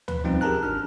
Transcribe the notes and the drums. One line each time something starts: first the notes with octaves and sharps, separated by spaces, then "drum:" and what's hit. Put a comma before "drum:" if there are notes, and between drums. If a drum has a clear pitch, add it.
B4, drum: tom D2
F3 G3 C4 C#4 D#4 F4
G4 G#4 A#4 A5 A#5 F#6
G#1 D4 F6